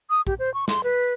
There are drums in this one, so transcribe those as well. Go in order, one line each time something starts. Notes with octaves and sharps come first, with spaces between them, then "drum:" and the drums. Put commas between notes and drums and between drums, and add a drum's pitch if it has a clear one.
D#6
G4, drum: kick
C5
C#6
C6, drum: snare
B4